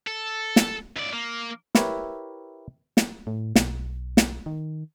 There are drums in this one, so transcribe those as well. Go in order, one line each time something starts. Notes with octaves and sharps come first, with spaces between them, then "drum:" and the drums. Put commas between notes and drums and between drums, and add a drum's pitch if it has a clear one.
A4
drum: snare
C#2 D5
A#3
E4 G4 A#4 B4 C#5 E5, drum: snare
drum: snare
A2
B1, drum: snare
drum: snare
D#3